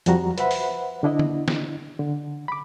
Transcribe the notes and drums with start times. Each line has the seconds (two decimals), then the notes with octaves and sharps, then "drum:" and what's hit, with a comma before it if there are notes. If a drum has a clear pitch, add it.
0.06 F2 F3 G3 F#4 A#5, drum: hi-hat
0.38 B4 C5 E5 F#5 B5, drum: hi-hat
0.51 drum: open hi-hat
1.03 D3 D4 E4 D#5
1.19 drum: tom
1.48 drum: snare
1.99 D3
2.48 B5 D6